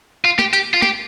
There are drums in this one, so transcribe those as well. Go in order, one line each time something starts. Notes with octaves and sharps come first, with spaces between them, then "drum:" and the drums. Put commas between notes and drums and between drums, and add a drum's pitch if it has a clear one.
F4
G4, drum: snare
G4, drum: hi-hat
F4
G4, drum: snare